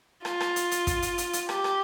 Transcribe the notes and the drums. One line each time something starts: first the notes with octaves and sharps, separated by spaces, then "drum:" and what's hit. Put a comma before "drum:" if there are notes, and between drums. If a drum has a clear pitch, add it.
F4, drum: rim click
drum: rim click
drum: hi-hat
drum: hi-hat
drum: kick, hi-hat
drum: hi-hat
drum: hi-hat
drum: hi-hat
G4, drum: rim click
drum: rim click